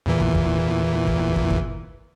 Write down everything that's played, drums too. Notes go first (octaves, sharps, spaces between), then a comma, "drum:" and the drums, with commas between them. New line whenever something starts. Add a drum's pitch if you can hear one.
E2 A#2 E3
drum: kick
drum: kick
drum: kick
drum: kick
drum: kick